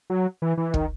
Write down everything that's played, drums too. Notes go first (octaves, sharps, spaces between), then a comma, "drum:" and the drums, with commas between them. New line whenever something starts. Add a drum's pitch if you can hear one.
F#3
E3
E3
D#3, drum: kick